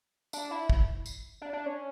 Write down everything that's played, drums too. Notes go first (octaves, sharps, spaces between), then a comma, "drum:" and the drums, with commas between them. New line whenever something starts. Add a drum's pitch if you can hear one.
D4, drum: tambourine
E4
drum: kick
drum: tambourine
D4
D4
C#4